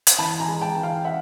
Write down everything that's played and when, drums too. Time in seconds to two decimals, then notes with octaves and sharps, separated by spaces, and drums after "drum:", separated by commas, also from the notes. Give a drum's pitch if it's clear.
0.07 drum: hi-hat
0.18 E3 A5 B5
0.40 G#5 A#5
0.48 G#3
0.61 G5 A5
0.76 E3
0.83 F5 G5
1.05 C#4 E5 F#5